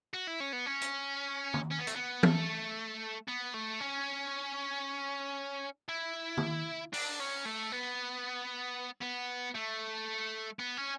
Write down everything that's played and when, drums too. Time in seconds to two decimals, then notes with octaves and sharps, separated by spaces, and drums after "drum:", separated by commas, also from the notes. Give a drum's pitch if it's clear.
0.14 F#4
0.27 E4
0.40 C#4
0.53 B3
0.66 C#4
0.82 drum: hi-hat
1.54 drum: tom
1.71 C#4
1.78 B3
1.87 A3, drum: hi-hat
1.95 B3
2.23 A3, drum: tom E3
3.28 B3
3.54 A3
3.80 C#4
5.89 E4
6.37 drum: tom
6.94 D4, drum: open hi-hat
7.20 C#4
7.46 A3
7.72 B3
9.02 B3
9.55 A3
10.59 B3
10.77 C#4